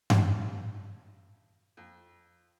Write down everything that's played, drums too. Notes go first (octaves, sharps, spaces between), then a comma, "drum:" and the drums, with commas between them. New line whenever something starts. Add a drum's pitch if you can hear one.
B1 F2 D4 G#4 A5 C6, drum: tom G2
F2